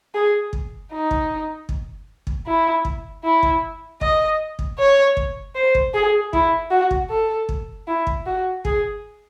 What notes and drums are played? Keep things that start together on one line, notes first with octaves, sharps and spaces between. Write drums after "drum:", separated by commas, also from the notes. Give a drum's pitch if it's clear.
G#4
drum: kick
D#4
drum: kick
drum: kick
drum: kick
E4
drum: kick
E4
drum: kick
D#5, drum: kick
drum: kick
C#5
drum: kick
C5
drum: kick
G#4
E4, drum: kick
F#4
drum: kick
A4
drum: kick
E4
drum: kick
F#4
G#4, drum: kick